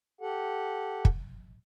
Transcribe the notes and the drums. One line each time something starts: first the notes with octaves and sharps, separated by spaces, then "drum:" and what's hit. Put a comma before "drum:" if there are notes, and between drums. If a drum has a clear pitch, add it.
G4 A4 F#5
drum: kick